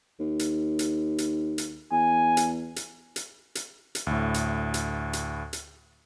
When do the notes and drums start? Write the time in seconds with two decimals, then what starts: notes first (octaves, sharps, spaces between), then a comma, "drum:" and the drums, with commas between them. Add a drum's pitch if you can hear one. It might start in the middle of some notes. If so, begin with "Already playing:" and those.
0.20 D#2
0.39 drum: hi-hat
0.79 drum: hi-hat
1.18 drum: hi-hat
1.58 drum: hi-hat
1.92 E2 G#5
2.37 drum: hi-hat
2.76 drum: hi-hat
3.16 drum: hi-hat
3.55 drum: hi-hat
3.95 drum: hi-hat
4.07 D2 A2
4.34 drum: hi-hat
4.74 drum: hi-hat
5.13 drum: hi-hat
5.53 drum: hi-hat